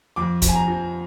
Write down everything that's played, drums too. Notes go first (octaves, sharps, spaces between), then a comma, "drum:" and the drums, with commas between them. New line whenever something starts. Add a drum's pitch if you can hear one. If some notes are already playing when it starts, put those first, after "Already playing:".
F2 D6
F3, drum: kick, hi-hat
G#5
A#5
F3